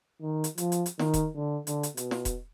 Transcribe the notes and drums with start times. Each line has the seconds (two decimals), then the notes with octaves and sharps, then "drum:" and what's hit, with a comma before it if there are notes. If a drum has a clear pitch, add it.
0.22 D#3
0.44 drum: hi-hat
0.58 F3, drum: hi-hat
0.72 drum: hi-hat
0.86 drum: hi-hat
0.99 D#3, drum: snare
1.14 drum: kick E1, hi-hat
1.36 D3
1.67 D3, drum: hi-hat
1.83 drum: hi-hat
1.97 B2, drum: hi-hat
2.11 drum: snare
2.25 drum: kick E1, hi-hat